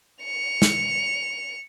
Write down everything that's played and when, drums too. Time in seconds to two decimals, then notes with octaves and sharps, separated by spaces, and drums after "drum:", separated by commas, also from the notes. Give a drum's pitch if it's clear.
0.25 C#7 F7
0.62 drum: snare